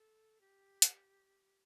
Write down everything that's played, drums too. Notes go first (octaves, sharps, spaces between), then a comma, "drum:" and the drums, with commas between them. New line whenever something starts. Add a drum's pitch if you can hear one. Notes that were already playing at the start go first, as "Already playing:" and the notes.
Already playing: A4
G4
drum: hi-hat